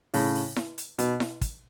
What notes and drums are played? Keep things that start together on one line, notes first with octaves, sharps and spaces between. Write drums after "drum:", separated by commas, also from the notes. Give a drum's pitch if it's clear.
A2 C#3, drum: open hi-hat
drum: open hi-hat
drum: snare E4
drum: hi-hat
B2, drum: hi-hat
drum: snare E4
drum: kick, hi-hat